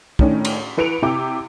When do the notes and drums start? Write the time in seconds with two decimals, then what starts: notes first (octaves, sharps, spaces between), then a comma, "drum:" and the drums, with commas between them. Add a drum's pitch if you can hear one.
0.19 A2 D#3 C#4 D4, drum: kick
0.45 drum: cymbal
0.77 E3 B4 C#7 D7 F7
1.02 C3 E4 G5 D6